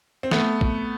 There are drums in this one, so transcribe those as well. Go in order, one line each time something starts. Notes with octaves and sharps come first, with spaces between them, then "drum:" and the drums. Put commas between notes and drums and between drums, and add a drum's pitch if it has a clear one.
C4
A3 B3, drum: snare
drum: kick